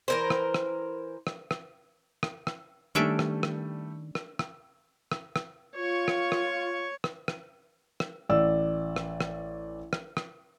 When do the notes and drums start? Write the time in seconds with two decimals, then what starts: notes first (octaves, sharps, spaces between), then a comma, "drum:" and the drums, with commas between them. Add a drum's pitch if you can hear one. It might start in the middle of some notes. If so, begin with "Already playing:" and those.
0.08 E3 A#4 C5
0.30 drum: rim click
0.54 drum: rim click
1.27 drum: rim click
1.51 drum: rim click
2.23 drum: rim click
2.47 drum: rim click
2.95 D#3 G3 A3 C#4 D4 E5
3.19 drum: rim click
3.43 drum: rim click
4.15 drum: rim click
4.39 drum: rim click
5.12 drum: rim click
5.36 drum: rim click
5.77 F4 C#5 C#6
6.08 drum: rim click
6.32 drum: rim click
7.04 drum: rim click
7.28 drum: rim click
8.00 drum: rim click
8.29 A1 D5 E6
8.96 drum: rim click
9.20 drum: rim click
9.93 drum: rim click
10.17 drum: rim click